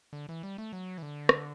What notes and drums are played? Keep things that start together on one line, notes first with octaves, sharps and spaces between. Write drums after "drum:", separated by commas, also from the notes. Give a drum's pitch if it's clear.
D3
E3
G3
A3
F#3
E3
D3
drum: rim click